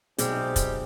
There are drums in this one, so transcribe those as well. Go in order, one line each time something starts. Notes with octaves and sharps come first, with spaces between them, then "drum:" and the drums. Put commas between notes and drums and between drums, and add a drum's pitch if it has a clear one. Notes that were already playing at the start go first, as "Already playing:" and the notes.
B1 C3 G3 G#3 C4 G4 G#4, drum: hi-hat
drum: kick, hi-hat